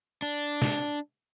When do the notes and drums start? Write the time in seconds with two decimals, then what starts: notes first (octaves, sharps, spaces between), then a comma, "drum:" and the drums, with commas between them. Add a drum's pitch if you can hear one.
0.22 D4
0.62 drum: snare